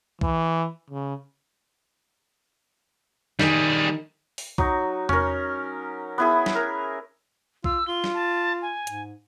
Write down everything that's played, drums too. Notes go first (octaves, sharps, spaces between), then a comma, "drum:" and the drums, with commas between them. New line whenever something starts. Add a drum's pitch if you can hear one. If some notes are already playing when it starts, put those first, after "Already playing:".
E3, drum: kick B1
C#3
D#3 G3 D#4 G#4, drum: snare
drum: open hi-hat
F#3 D#4, drum: kick B1
C#4 A#4, drum: tom E2
B3 E4 G#4
drum: snare
A#4
F4 E6, drum: kick B1
F4 G7
drum: snare
A5
G#5
G#2, drum: hi-hat